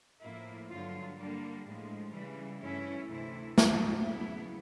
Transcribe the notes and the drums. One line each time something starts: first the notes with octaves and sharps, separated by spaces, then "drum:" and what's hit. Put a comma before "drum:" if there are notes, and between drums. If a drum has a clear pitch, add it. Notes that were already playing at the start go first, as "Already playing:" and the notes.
A2 F3 A#3 E4
G2 D3 F#3 F4
D3 G3 A#3 D4
A2 F3 G#3
C#3 E3 G3
G2 E3 A3 C#4 E4
D2 C3 E3 A3 E4
A2 F3 A#3 D4 F#4, drum: snare
C#3 F#3 B3 E4